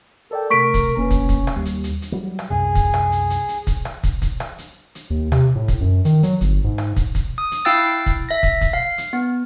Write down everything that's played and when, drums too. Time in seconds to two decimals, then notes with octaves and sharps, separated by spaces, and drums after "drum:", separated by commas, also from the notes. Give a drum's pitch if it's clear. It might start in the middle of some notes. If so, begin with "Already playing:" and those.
0.31 A4 A#4 D5 G5
0.50 C3 A3 A#4 C#6 B6 D7
0.74 drum: kick, hi-hat
0.97 F1 A#3 C#4 B4
1.11 drum: kick, hi-hat
1.29 drum: kick, hi-hat
1.47 drum: rim click
1.56 D#2 G3
1.65 drum: hi-hat
1.84 drum: hi-hat
2.02 drum: hi-hat
2.12 F#3 G3
2.39 drum: rim click
2.50 C2 F#2 C3 G#4
2.75 drum: kick, hi-hat
2.94 drum: rim click
3.12 drum: hi-hat
3.30 drum: hi-hat
3.49 drum: hi-hat
3.67 drum: kick, hi-hat
3.85 drum: rim click
4.03 drum: kick, hi-hat
4.22 drum: kick, hi-hat
4.40 drum: rim click
4.58 drum: hi-hat
4.95 drum: hi-hat
5.10 D#2
5.32 C3, drum: rim click
5.55 A2
5.68 drum: kick, hi-hat
5.81 F#2
6.05 D#3, drum: hi-hat
6.23 F#3, drum: hi-hat
6.41 G1, drum: hi-hat
6.64 G#2
6.78 drum: rim click
6.96 drum: kick, hi-hat
7.15 drum: kick, hi-hat
7.38 D#6
7.51 drum: hi-hat
7.65 E4 F5 G5 E6 A6
8.06 drum: kick, hi-hat
8.29 E5 A#6
8.43 drum: kick, hi-hat
8.61 drum: kick, hi-hat
8.73 F5
8.98 drum: hi-hat
9.13 B3